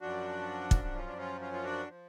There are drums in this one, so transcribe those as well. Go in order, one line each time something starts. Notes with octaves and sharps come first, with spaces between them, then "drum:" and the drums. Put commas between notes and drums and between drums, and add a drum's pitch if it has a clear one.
F#2 F3 D4 F#4
drum: kick
F#4
C#4 F4
D4
C#4 F4
C#4 F4
F4
D4 F#4
F3